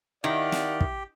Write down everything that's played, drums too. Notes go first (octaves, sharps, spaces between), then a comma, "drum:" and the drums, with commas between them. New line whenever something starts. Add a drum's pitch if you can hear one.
D#3 E4 G4 D5 F5 F#5
drum: snare
drum: kick